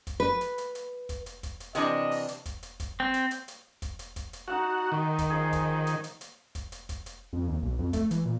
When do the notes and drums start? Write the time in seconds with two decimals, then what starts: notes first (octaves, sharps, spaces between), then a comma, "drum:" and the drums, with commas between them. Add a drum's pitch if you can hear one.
0.07 drum: kick, hi-hat
0.20 B4
0.41 drum: hi-hat
0.58 drum: hi-hat
0.75 drum: hi-hat
1.09 drum: kick, hi-hat
1.26 drum: hi-hat
1.43 drum: kick, hi-hat
1.60 drum: hi-hat
1.75 C3 E3 D4 D#5, drum: hi-hat
2.11 drum: open hi-hat
2.28 drum: hi-hat
2.46 drum: kick, hi-hat
2.63 drum: hi-hat
2.80 drum: kick, hi-hat
3.00 C4
3.14 drum: hi-hat
3.31 drum: hi-hat
3.48 drum: hi-hat
3.82 drum: kick, hi-hat
3.99 drum: hi-hat
4.16 drum: kick, hi-hat
4.33 drum: hi-hat
4.48 D#4 F#4 F#5 A5
4.92 D#3
5.18 drum: kick, hi-hat
5.30 F3 G#4
5.53 drum: kick, hi-hat
5.87 drum: hi-hat
6.04 drum: hi-hat
6.21 drum: hi-hat
6.55 drum: kick, hi-hat
6.72 drum: hi-hat
6.89 drum: kick, hi-hat
7.06 drum: hi-hat
7.33 F2
7.48 D#2
7.62 B1
7.79 F2
7.93 A3, drum: kick, hi-hat
8.11 E3, drum: hi-hat
8.25 A#2